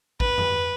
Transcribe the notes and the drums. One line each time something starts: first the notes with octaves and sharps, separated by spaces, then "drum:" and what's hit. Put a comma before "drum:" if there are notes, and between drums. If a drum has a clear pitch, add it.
B4, drum: kick
drum: tom F2